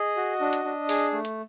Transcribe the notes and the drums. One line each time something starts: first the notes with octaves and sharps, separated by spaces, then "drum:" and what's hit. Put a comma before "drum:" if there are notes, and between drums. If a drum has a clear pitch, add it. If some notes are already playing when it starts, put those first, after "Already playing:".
Already playing: G#4 D#5
F#4
D4
drum: hi-hat
D4
G#4, drum: open hi-hat
A3
drum: hi-hat